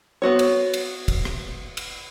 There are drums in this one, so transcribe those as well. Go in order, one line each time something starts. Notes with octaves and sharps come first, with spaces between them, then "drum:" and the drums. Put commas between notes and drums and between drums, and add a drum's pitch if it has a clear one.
B3 F#4 C#5
drum: cymbal
drum: cymbal
drum: kick, cymbal
drum: rim click
drum: cymbal